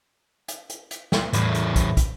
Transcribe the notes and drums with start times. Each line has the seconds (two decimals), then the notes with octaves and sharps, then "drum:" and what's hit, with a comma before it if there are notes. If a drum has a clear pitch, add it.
0.48 drum: hi-hat
0.70 drum: hi-hat
0.91 drum: hi-hat
1.12 drum: snare
1.33 E2 A2, drum: hi-hat
1.54 drum: hi-hat
1.76 drum: kick, hi-hat
1.97 drum: kick, hi-hat